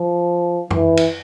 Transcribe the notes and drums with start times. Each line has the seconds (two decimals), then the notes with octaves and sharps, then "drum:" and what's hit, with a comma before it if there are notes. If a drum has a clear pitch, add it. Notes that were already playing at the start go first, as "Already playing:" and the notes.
Already playing: F3
0.71 E3, drum: tom F#2
0.97 drum: cymbal